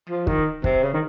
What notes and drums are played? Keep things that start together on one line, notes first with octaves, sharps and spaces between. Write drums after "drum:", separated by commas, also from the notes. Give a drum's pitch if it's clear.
F3
D#3, drum: kick
C3, drum: kick
C#3
D#3